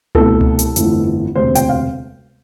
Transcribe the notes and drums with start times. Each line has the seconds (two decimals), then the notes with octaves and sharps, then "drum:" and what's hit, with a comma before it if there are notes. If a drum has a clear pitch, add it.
0.15 C2 B2 A3 A4, drum: tom C#2
0.41 drum: tom C#2
0.59 drum: hi-hat
0.76 G1 F2 E3 A3, drum: hi-hat
1.35 E1 D2 C3 C5
1.55 G5, drum: hi-hat
1.69 F5